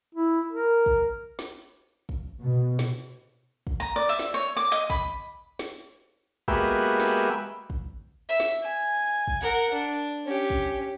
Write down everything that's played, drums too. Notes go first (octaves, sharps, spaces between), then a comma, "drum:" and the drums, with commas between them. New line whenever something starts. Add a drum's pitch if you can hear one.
E4
A#4
drum: kick
drum: snare
drum: kick
B2
drum: snare
drum: kick
A#5
D5
E5
drum: snare
C#5
D6
D#5
B5, drum: kick
drum: snare
G#3 A#3 B3 F#4 G4 E5, drum: kick
drum: snare
drum: kick
E5
drum: snare
G#5
drum: kick
A#4 F#5
D4
C#4 G4
drum: kick